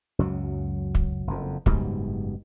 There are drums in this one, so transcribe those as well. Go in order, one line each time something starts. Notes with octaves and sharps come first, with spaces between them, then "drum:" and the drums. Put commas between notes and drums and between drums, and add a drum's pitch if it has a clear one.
C#2 F#2 F#3
drum: kick
F#1 F2
F#1 G#2 B2 G3, drum: kick